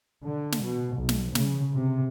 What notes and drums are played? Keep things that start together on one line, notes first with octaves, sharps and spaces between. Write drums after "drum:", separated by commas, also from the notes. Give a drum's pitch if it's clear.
D3
drum: snare
B2
B1
drum: snare
C#3, drum: snare
C3